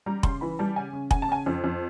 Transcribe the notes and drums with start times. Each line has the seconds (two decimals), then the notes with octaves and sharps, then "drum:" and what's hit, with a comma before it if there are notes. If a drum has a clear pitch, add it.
0.06 G3 A#5
0.23 C#3 C6, drum: kick F1
0.41 E3 B5
0.59 G3 A5
0.76 C#3 G#5
0.93 C#3
1.11 C#3 G#5, drum: kick F1
1.22 A5
1.29 C#3 G#5
1.46 F2
1.64 F2